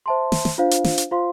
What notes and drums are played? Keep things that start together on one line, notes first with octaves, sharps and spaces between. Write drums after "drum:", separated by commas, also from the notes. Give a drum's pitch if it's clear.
C5 E5 A5 C6
drum: snare
drum: snare
D4 F4 C5 F5
drum: hi-hat
drum: snare
drum: hi-hat
F4 C5 F5 C6